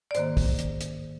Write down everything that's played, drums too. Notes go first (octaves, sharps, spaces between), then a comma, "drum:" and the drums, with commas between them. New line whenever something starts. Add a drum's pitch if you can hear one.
D5
G#2 D#3 A#3 C5, drum: hi-hat
drum: kick, open hi-hat
drum: hi-hat
drum: hi-hat